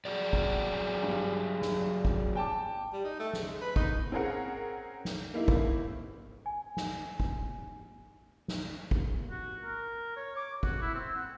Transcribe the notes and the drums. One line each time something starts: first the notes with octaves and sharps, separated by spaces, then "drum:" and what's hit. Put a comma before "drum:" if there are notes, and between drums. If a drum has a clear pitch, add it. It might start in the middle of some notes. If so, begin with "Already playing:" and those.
F#3 G#4 D5
drum: kick
G2
drum: snare
drum: kick
G5 A5 D6
G3
D#4
A3
C#3, drum: snare
G#3
B4
D#4, drum: kick
C4 C#4 G#4 A#4 F#5
drum: snare
A#3 D#4 E4
drum: kick
G#5
drum: snare
drum: kick
drum: snare
drum: kick
F#4
A#4
C#5
D6
F#4, drum: kick
E4
C4
F#5